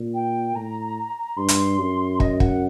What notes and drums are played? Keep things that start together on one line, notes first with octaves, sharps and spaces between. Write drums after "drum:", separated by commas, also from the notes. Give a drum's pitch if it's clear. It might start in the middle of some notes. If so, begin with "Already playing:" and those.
Already playing: A#2
G5
A2 A#5
G2 C6
drum: hi-hat
F#2
D#5, drum: kick
F#5, drum: kick